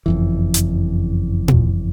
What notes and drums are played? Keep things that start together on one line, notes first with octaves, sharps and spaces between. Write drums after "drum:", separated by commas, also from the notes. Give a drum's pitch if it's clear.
F#1 F2 E3
drum: hi-hat
drum: tom